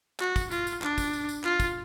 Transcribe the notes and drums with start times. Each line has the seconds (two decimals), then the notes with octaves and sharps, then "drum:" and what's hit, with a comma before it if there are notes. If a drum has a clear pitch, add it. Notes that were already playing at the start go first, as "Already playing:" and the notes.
0.20 F#4, drum: clap
0.36 drum: kick, tambourine
0.51 F4, drum: tambourine
0.67 drum: tambourine
0.82 D4, drum: clap
0.98 drum: kick, tambourine
1.13 drum: tambourine
1.29 drum: tambourine
1.44 F4, drum: clap
1.60 drum: kick, tambourine